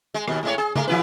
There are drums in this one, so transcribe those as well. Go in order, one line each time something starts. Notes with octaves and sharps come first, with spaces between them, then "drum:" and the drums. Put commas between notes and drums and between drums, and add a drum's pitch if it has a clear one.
G#3
D#2 B2, drum: rim click
A2 G#3 C#5
G#4
G#3 A3, drum: tom C#3
E3 E4 B4